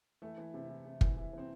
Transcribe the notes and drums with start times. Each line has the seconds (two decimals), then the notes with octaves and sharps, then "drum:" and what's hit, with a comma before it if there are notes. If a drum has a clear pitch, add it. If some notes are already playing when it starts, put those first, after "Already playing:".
0.22 E3 A3
0.37 E3
0.54 C3
0.69 E3
0.85 C3
1.01 E3, drum: kick
1.17 E3
1.33 E3 C4